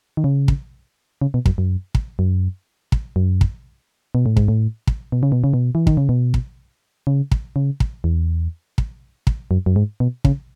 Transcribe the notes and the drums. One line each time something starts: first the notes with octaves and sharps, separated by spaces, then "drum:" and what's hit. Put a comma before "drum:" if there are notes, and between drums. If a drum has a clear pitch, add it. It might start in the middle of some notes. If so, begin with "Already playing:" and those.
D#3
C#3
drum: kick
C#3
B2
F#2, drum: kick
F#2
drum: kick
F#2
drum: kick
F#2
drum: kick
B2
A2
G#2, drum: kick
A2
drum: kick
B2
C#3
B2
C#3
B2
E3
D#3, drum: kick
C#3
B2
drum: kick
C#3
drum: kick
C#3
drum: kick
E2
drum: kick
drum: kick
F#2
F#2
G#2
B2
C#3, drum: kick